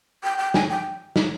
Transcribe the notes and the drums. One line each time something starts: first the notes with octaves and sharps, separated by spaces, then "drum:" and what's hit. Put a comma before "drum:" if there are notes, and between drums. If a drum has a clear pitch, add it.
G5
G5
G#5, drum: snare
G5
drum: snare